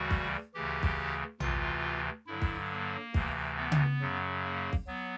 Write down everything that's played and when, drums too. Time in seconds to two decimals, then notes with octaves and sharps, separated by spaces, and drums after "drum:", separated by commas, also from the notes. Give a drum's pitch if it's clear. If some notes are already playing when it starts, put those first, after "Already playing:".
Already playing: D2 C#3 E3 G3 F#4
0.11 drum: kick
0.54 D2 C#3 E3 G4
0.83 drum: kick
1.40 D2 C3 E3 F4, drum: tom A#1
2.27 G2 D3 F#3 E4
2.42 drum: kick
2.71 A#3
3.14 D2 C3 E3, drum: kick
3.57 B3
3.72 drum: tom C#3
4.00 F#2 C#3 F#3
4.44 A#3
4.73 drum: kick
4.87 F#3 B3